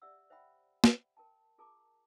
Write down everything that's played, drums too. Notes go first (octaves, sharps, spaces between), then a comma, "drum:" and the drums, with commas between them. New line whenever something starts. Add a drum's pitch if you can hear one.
G4 D5 E5 F#5 E6
C5 E5 F#5 G5 B5
drum: snare
A#4 G5 A5
F4 G#4 A#4 A5 A#5 D6